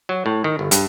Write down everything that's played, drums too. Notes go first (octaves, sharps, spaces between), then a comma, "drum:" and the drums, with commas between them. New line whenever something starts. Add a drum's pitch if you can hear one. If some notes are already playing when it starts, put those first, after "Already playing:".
F#3
A2
D#3
G1
G2, drum: hi-hat